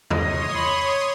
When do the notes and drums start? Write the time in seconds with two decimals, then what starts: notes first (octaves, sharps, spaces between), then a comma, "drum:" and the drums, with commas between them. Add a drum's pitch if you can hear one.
0.10 C#5 D#5 C6 D#6, drum: tom E2
0.54 B5